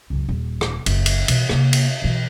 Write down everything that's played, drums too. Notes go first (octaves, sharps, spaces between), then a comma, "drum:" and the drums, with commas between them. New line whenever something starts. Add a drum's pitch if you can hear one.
C#2 F#2
D#1
drum: rim click
F#1, drum: cymbal
drum: cymbal
B2 E3, drum: cymbal
C3 A#3, drum: rim click
drum: cymbal
B2 E3